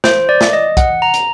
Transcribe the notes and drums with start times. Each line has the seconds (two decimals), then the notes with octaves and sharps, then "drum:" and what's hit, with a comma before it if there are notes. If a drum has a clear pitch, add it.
0.04 C5, drum: snare
0.29 D5
0.41 drum: snare
0.53 D#5
0.77 F#5, drum: kick, hi-hat
1.02 A#5
1.14 drum: hi-hat